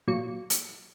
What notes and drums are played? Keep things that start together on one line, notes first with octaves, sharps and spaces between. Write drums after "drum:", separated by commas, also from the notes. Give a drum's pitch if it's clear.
A#2 F#3 C#7
drum: hi-hat